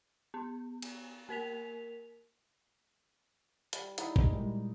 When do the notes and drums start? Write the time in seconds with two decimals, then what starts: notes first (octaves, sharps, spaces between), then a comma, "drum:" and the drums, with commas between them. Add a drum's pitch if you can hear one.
0.34 B3
0.82 drum: cymbal
1.29 A#3 A#4 B6 F7
3.73 G3, drum: hi-hat
3.98 D#4 E4 G#4, drum: hi-hat
4.16 D#5, drum: kick A1
4.32 A#2 G3 G#3